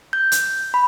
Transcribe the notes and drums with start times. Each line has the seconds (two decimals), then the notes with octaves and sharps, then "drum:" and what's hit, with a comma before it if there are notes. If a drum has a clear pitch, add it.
0.13 G6
0.32 drum: hi-hat
0.74 B5